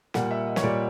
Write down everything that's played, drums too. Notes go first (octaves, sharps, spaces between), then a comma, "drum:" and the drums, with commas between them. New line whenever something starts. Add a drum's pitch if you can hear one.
A#2 G3 A#3 F#5, drum: snare
E5
D#5
C#5, drum: snare
A#2 G3 A#3 D5